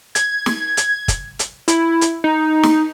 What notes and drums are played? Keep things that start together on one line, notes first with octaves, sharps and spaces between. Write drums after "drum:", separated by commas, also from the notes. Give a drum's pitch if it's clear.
G#6, drum: hi-hat
drum: snare
drum: hi-hat
drum: kick, hi-hat
drum: hi-hat
E4, drum: hi-hat
drum: hi-hat
D#4
drum: snare